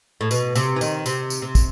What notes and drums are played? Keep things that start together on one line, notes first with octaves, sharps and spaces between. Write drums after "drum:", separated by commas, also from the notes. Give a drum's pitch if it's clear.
A2
B2, drum: tambourine
C3, drum: tambourine
E3
D#3, drum: tambourine
C3, drum: tambourine
drum: tambourine
C3
drum: kick, tambourine